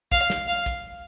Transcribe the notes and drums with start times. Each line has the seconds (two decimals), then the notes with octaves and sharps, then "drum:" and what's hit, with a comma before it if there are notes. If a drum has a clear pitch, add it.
0.12 F5, drum: kick
0.30 drum: snare
0.48 F5
0.66 drum: kick, hi-hat